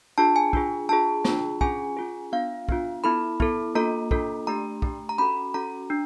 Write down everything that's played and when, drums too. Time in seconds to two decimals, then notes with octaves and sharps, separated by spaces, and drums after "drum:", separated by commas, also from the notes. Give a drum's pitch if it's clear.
0.18 D4 F4 G#4 A5
0.36 G#5
0.53 D4 F4 G#4, drum: kick
0.89 D4 F4 G#4 A5
1.25 D4 F4 G#4, drum: snare
1.61 C#4 F4 G#4 G#5, drum: kick
1.97 C#4 F4 G#4
2.32 B3 D4 F4 F5
2.69 B3 D4 F4, drum: kick
3.04 B3 E4 A4 B5
3.40 B3 E4 A4, drum: kick
3.75 A#3 D4 F4 A4 A#5
4.11 A#3 D4 F4 A4, drum: kick
4.47 A3 D4 G4 A#5
4.82 A3 D4 G4, drum: kick
5.09 A#5
5.18 C#4 F#4 A4 B5
5.54 C#4 F#4 A4 A#5
5.90 D4